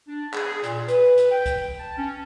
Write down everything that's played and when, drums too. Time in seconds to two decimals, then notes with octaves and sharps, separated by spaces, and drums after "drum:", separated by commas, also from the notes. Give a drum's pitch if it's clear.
0.08 D4
0.34 G#4, drum: clap
0.64 A#2, drum: hi-hat
0.88 B4, drum: hi-hat
1.18 drum: hi-hat
1.32 G5
1.46 drum: kick C2, hi-hat
1.80 A5
1.98 C#4